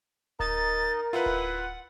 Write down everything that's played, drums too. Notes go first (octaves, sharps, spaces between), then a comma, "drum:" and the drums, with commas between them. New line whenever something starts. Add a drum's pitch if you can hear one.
D#4 A#4 D#5 A6, drum: kick D1
E4 F4 B4 E5 F#5
drum: kick D1